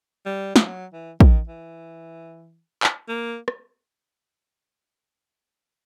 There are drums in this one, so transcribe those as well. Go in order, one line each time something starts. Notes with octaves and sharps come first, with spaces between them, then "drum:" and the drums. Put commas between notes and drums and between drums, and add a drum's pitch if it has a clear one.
G3
F3, drum: snare
F#3
E3
D#3, drum: kick
E3
drum: clap
A#3
drum: rim click